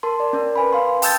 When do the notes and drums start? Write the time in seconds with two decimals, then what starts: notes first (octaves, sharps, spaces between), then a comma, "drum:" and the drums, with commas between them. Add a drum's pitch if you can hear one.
0.03 A#4 A5 C6
0.20 D5
0.33 C#4 A#4
0.56 B4 G#5 B5
0.73 F5 C6
1.02 G5 A5 D#6 E6 G6 A6, drum: open hi-hat